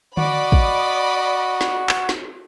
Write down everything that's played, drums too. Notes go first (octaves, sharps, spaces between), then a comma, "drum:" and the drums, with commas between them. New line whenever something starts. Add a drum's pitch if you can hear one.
F#4 D5 D#5 B5, drum: tom D3
drum: kick
drum: snare
drum: clap
drum: snare